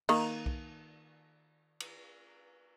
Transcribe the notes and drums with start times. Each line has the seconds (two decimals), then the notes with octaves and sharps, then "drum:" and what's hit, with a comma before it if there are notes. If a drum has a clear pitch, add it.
0.09 D#3 A#3, drum: cymbal
0.46 drum: kick B1
1.80 drum: cymbal